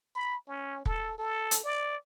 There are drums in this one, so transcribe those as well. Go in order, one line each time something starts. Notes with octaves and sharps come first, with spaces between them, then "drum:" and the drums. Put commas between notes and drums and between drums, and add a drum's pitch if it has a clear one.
B5
C#4
A4, drum: kick
A4
drum: hi-hat
D5